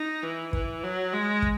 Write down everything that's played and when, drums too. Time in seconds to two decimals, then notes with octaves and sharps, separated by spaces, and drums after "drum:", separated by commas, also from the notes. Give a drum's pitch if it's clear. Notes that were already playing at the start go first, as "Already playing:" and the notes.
Already playing: D#4
0.23 E3
0.53 E3, drum: kick
0.83 F#3
1.13 G#3
1.42 drum: kick